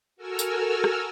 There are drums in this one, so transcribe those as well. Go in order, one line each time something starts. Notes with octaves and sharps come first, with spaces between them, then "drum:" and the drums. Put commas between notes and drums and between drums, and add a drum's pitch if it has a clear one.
F#4 A4 A#4 G#5 E6 F6
drum: tambourine
drum: rim click